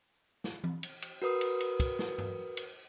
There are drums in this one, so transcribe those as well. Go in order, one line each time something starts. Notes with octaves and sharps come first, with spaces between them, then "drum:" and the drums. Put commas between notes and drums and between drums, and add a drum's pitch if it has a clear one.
drum: snare
drum: tom E3
drum: cymbal
drum: cymbal
F#4 A#4 B4 D#6
drum: cymbal
drum: cymbal
drum: kick, cymbal
drum: snare
drum: tom G2
drum: cymbal